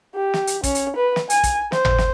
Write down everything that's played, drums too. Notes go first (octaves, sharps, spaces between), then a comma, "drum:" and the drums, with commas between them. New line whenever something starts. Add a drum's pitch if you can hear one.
G4
drum: snare
drum: hi-hat
C#4, drum: kick, hi-hat
drum: hi-hat
B4
drum: snare
G#5, drum: hi-hat
drum: kick, hi-hat
C5, drum: snare
drum: tom G#1
drum: snare